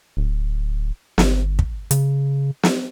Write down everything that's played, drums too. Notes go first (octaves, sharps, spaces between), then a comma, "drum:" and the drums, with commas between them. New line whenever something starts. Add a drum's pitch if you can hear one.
D1
G1, drum: snare
drum: kick
C#3, drum: hi-hat
drum: snare